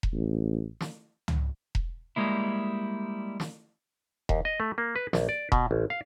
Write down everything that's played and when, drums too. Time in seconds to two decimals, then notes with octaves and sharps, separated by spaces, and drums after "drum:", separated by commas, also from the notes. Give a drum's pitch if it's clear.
0.03 drum: kick E1
0.12 A1
0.81 drum: snare
1.28 drum: tom
1.75 drum: kick E1
2.16 G3 G#3 A#3 E4
3.40 drum: snare
4.29 D#2, drum: kick E1
4.45 D#5
4.60 A3
4.78 A#3
4.96 B4
5.13 A#1, drum: snare
5.29 D5
5.52 B2, drum: kick E1
5.71 A1
5.90 F5